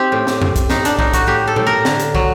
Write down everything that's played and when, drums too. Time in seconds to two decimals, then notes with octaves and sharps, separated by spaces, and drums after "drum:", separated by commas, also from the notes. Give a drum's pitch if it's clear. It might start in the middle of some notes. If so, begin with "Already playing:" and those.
Already playing: C4 D#4 G4
0.12 A2
0.27 drum: snare
0.42 A2, drum: tom F2
0.56 drum: kick, hi-hat
0.70 A2 D#4, drum: snare
0.85 D4, drum: hi-hat
0.99 A2 D#4, drum: kick
1.13 F#4, drum: kick, hi-hat
1.27 A2 G4
1.47 A4
1.56 A2, drum: tom A#2
1.67 A#4
1.85 D3, drum: snare
2.00 drum: hi-hat
2.15 F#3, drum: kick